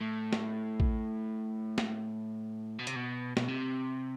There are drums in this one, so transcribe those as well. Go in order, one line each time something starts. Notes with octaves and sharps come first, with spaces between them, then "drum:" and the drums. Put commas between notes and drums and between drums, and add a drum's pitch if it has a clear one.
A2
drum: snare
drum: kick
drum: snare
B2
C3, drum: hi-hat
B2
B2, drum: snare
C3